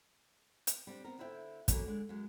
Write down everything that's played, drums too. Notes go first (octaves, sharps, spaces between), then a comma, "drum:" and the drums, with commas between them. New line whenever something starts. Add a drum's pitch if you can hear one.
drum: hi-hat
G3 C4 D4
B3 C4 A#4
D3 E4 C5 E5 F#5 G5
F#3 A#3 C#4 A4 B4, drum: kick, hi-hat
D3 G#3
F#2 G#3